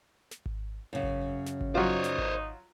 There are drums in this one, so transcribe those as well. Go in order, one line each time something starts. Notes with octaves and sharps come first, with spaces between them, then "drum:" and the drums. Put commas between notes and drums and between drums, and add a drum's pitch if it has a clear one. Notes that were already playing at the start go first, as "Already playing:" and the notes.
drum: snare
drum: kick G#1
F#2 C#3
drum: kick G#1
drum: snare
drum: kick G#1
F#3 D#4 F4 C5 C#5
drum: snare
drum: kick G#1